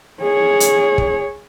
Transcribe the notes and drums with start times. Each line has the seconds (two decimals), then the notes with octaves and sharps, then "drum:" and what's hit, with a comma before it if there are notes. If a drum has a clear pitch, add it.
0.23 G#4 C#5
0.60 drum: hi-hat
0.98 drum: kick